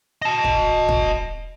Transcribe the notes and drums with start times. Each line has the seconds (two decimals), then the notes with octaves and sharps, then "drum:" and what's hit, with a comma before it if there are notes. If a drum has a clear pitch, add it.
0.22 D#5 A5
0.44 drum: kick
0.88 drum: kick